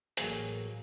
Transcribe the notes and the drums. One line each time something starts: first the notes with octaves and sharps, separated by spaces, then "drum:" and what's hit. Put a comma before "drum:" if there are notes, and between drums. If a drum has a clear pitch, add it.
A1 F#3 A#3 G#4, drum: hi-hat